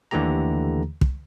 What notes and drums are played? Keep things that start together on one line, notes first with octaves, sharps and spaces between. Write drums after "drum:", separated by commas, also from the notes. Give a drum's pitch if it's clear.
D#2 D3 E3 A3 G4 A#5
drum: kick